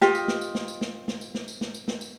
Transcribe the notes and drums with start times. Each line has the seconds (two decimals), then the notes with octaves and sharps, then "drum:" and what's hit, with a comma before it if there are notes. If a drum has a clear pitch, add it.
0.01 F4 G4 D#5, drum: snare
0.15 drum: tambourine
0.28 drum: snare
0.41 drum: tambourine
0.55 drum: snare
0.68 drum: tambourine
0.81 drum: snare
1.08 drum: snare
1.21 drum: tambourine
1.34 drum: snare
1.48 drum: tambourine
1.61 drum: snare
1.74 drum: tambourine
1.88 drum: snare
2.01 drum: tambourine